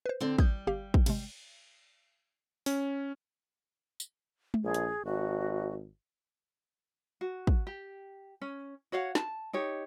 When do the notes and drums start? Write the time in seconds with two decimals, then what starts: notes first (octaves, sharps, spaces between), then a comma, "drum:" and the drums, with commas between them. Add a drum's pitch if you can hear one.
0.06 B4 C5
0.20 D3 C4 D5
0.39 G3 D#6 G6, drum: kick
0.67 G1 G4 F5
0.94 drum: kick
1.06 G#1 C3 G#3, drum: cymbal
2.66 C#4, drum: open hi-hat
4.00 drum: tambourine
4.54 drum: tom G#3
4.64 A#1 G#4
4.74 drum: hi-hat
5.05 G#1 F#4
7.21 F#4
7.47 drum: kick
7.67 G4
8.41 C#4
8.92 F#4 C#5 F5 F#5
9.15 A5, drum: snare
9.53 D#4 G4 C#5